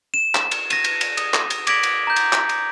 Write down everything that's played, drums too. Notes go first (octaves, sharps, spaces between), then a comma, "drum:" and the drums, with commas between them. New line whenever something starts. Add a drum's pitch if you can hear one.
E7
drum: clap
drum: cymbal
A#6 D#7, drum: cymbal
drum: cymbal
drum: cymbal
D#6, drum: cymbal
drum: clap
drum: cymbal
D6 G#6 A#6 B6 D7 F#7, drum: cymbal
drum: cymbal
A#5 G6
drum: cymbal
drum: clap
drum: cymbal